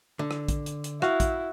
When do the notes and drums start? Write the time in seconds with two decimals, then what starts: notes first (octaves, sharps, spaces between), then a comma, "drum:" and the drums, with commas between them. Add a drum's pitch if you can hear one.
0.19 D3
0.31 drum: rim click
0.48 drum: kick, hi-hat
0.66 drum: hi-hat
0.84 drum: hi-hat
1.02 E4 F#4 F5, drum: rim click
1.20 drum: kick, hi-hat